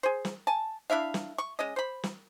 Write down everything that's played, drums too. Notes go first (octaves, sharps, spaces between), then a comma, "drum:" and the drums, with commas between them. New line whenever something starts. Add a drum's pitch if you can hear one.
G#4 C5
drum: snare
G#5 A5
D4 E4 E5 F5
drum: snare
C#6
G#3 C#4 D#5
C5 B5
drum: snare